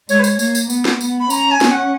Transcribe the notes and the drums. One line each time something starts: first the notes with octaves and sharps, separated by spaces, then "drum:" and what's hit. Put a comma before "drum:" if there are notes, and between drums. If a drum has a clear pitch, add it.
G#3 C#5, drum: tambourine
B4
C#5, drum: tambourine
A#3 C#5, drum: tambourine
drum: tambourine
B3, drum: tambourine
drum: snare
B3, drum: tambourine
B5
C#4 A#5, drum: tambourine
G#5
C#4, drum: snare
F#5